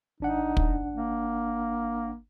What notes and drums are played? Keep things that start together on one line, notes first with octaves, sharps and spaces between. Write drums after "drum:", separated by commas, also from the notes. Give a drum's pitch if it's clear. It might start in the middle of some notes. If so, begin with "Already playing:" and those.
G#1 D4 D#4 F#5
drum: kick
A#3